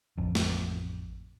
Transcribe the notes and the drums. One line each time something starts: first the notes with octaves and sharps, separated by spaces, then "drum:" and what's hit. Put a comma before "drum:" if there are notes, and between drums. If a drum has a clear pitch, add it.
A1 F2
drum: snare